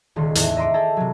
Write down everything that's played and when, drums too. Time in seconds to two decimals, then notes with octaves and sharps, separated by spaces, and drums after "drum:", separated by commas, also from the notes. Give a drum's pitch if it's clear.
0.16 D#1 C#2 D#3 C6
0.35 E2 A2, drum: hi-hat
0.57 D#5 E5 A#5 C6 D6 D7
0.74 G#4 A4 G5 A#5
0.97 C3 F#3